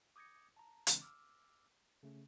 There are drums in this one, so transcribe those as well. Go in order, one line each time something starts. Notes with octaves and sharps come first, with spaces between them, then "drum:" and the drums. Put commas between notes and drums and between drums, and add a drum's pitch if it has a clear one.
D6 D#6 G6 G#6 A#6 C#7
A5 A#5
C#3 E3 G#3 C4 D4, drum: hi-hat
D6 E6 F6
C#3 A3 C#4